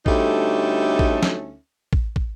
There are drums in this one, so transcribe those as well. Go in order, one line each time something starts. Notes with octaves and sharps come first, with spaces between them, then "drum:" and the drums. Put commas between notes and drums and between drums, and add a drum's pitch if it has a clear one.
D2 G3 C#4 D#4 A4 E5, drum: kick
drum: kick
drum: snare
drum: kick
drum: kick